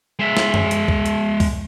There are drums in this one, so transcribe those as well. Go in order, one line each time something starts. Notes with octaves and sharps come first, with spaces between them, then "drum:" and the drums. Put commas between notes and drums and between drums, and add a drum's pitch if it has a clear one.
G#3 E5
drum: snare
drum: tom F#2
drum: hi-hat
drum: kick
drum: hi-hat
drum: kick, open hi-hat